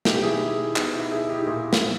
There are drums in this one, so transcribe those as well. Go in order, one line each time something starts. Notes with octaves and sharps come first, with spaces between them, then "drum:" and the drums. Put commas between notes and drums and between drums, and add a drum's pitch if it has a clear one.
B2 D#4 G4, drum: snare
E4 G#4
E4
B2 D#4, drum: clap
E4
E4 G#4
D#4 G4
D#4
A#2 E4
drum: snare